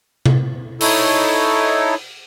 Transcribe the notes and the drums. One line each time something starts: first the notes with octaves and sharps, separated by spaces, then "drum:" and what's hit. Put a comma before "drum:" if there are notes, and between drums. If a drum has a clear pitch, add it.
drum: tom C3
D#4 E4 A4 C#5, drum: open hi-hat